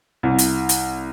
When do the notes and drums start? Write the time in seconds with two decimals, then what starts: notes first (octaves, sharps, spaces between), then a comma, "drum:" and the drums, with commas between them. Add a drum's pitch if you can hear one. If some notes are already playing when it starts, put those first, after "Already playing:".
0.23 C2
0.38 drum: hi-hat
0.69 drum: hi-hat